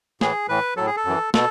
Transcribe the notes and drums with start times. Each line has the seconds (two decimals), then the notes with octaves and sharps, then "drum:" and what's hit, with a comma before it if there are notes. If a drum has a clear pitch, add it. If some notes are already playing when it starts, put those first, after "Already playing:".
0.21 A2 E3 G#4, drum: snare
0.49 A2 E3 B4
0.76 A2 F#3 A4
0.86 G#4
0.97 A4
1.05 F#2 E3
1.34 B2 A4, drum: snare